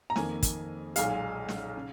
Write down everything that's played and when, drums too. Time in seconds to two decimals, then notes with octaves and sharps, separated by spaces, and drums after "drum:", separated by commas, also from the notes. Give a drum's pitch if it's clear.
0.10 A#5
0.16 F2 D#3 A#3 G#5, drum: snare
0.43 drum: kick, hi-hat
0.96 B1 A#2 G#3 F5, drum: hi-hat
1.48 drum: snare
1.77 C#3